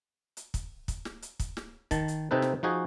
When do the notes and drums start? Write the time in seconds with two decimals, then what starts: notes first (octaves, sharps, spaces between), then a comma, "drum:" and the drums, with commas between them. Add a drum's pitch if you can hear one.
0.37 drum: hi-hat
0.54 drum: kick, hi-hat
0.88 drum: kick, hi-hat
1.05 drum: snare
1.22 drum: hi-hat
1.40 drum: kick, hi-hat
1.57 drum: snare
1.91 D#3 A5, drum: kick, hi-hat
2.08 drum: hi-hat
2.31 C3 C4 D#4 A4 B4
2.42 drum: snare
2.63 F3 D#4 F#4 G#4